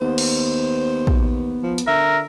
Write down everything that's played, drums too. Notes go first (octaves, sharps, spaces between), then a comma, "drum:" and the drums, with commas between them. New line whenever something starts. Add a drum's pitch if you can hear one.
D#2 B3 C5
drum: cymbal
drum: kick
F3
drum: hi-hat
D3 A#4 E5